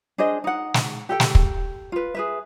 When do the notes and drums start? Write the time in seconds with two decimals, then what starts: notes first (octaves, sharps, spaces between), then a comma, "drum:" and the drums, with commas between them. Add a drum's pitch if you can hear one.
0.18 D4 G#4 C5 D#5
0.44 D#4 F#5
0.74 drum: snare
1.09 G4 A4 G5
1.20 drum: snare
1.35 drum: kick
1.92 F4 B4
2.15 G#4 B4 E5